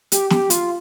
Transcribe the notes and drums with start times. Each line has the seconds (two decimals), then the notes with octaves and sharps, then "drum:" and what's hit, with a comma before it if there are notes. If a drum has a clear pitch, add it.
0.12 G4, drum: hi-hat
0.30 G4, drum: snare
0.50 F4, drum: hi-hat